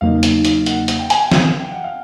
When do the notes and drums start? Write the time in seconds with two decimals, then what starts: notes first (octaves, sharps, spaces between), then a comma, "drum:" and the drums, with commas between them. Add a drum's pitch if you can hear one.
0.01 E2 C#3 F#3 A#3 D#4 F5
0.23 drum: hi-hat
0.45 drum: hi-hat
0.66 F#5, drum: hi-hat
0.88 drum: hi-hat
0.99 G5
1.10 G#5, drum: hi-hat
1.20 G5
1.32 F5, drum: snare
1.59 G5
1.71 F#5
1.84 F5